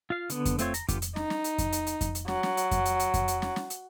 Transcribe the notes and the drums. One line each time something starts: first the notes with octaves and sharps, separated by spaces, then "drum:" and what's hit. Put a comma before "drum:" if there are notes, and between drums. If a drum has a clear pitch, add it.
F4 F5
D3 B3, drum: hi-hat
drum: kick F2, hi-hat
A3 C4 F4 C#5, drum: hi-hat
A#5, drum: hi-hat
D3 B3 F4 G4 D6, drum: kick F2, hi-hat
drum: hi-hat
D#4, drum: snare
drum: snare
drum: hi-hat
drum: kick F2, hi-hat
drum: hi-hat
drum: hi-hat
drum: kick F2, hi-hat
drum: hi-hat
F#3, drum: snare
drum: snare
drum: hi-hat
drum: kick F2, hi-hat
drum: hi-hat
drum: hi-hat
drum: kick F2, hi-hat
drum: hi-hat
drum: snare
drum: snare
drum: hi-hat